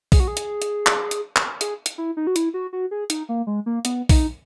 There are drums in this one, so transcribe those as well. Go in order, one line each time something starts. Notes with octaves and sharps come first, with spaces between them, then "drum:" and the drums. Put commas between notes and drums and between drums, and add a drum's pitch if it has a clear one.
G#4, drum: kick A#1, open hi-hat
F#4
G#4
drum: hi-hat
drum: hi-hat
drum: clap
drum: hi-hat
drum: clap
G#4, drum: hi-hat
drum: hi-hat
E4
D#4
F#4
E4, drum: hi-hat
F#4
F#4
G#4
D#4, drum: hi-hat
A#3
G#3
A#3
B3, drum: hi-hat
D#4, drum: kick A#1, open hi-hat